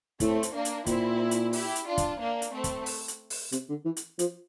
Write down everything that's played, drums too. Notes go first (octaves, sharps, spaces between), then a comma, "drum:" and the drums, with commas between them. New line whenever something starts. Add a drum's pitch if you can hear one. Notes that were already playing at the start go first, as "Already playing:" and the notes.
A2 A3 C4, drum: kick, hi-hat
drum: hi-hat
A#3 D4
drum: hi-hat
A#2 C4 E4, drum: kick, hi-hat
drum: hi-hat
E4 G4, drum: open hi-hat
drum: hi-hat
D4 F4
drum: kick, hi-hat
A#3 D4
drum: hi-hat
A3 C4
drum: kick, hi-hat
drum: open hi-hat
drum: hi-hat
drum: open hi-hat
C3, drum: hi-hat
D3
E3
drum: hi-hat
F3, drum: hi-hat